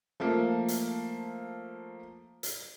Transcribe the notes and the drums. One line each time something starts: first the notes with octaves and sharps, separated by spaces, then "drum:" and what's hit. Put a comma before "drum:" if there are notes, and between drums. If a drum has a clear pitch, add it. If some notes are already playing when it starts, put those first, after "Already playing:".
F3 A3 A#3
drum: hi-hat
drum: hi-hat